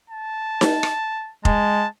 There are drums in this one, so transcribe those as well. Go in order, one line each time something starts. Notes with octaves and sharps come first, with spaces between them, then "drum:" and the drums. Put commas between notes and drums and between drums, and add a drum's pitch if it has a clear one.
A5
drum: snare
drum: rim click
G#3 A5, drum: kick F1